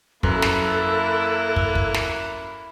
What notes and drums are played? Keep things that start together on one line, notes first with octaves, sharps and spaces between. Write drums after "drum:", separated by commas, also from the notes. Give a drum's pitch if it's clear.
F#2 A#3 E4 A4 B4 A#5 F#6, drum: kick
drum: snare
drum: kick
drum: kick
drum: snare